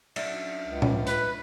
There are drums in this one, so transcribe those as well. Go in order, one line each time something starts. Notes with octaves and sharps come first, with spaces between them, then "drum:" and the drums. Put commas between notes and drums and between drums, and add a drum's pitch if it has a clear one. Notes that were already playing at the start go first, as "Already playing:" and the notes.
F#3 D4 E5, drum: cymbal
C#2
drum: tom A2
B4, drum: hi-hat